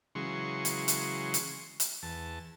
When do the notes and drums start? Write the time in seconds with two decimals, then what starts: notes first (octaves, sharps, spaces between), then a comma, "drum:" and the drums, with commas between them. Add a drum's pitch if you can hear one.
0.15 C#3 E3 F#3 G#3 C6 C#6
0.65 drum: hi-hat
0.88 drum: hi-hat
1.34 drum: hi-hat
1.80 drum: hi-hat
2.03 E2 A5